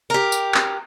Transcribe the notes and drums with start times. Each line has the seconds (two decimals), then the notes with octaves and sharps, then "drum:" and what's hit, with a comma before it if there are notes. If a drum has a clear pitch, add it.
0.10 G4 A#4
0.32 drum: tambourine
0.54 drum: clap